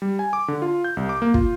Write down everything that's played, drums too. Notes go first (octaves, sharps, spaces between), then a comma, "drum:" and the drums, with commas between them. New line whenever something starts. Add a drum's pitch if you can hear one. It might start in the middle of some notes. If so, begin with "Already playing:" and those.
G3
G#5
D6
D3
F4
G6
C2
D6
A#3
F4, drum: kick